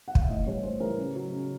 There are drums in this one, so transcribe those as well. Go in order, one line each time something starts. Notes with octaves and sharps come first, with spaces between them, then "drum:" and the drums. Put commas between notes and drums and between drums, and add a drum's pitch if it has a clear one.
F#5
F5, drum: kick
E5
A2 D#5
E3 G3 C#5
A2 C5
E3 G3 A#4
C#3
F#3
C#3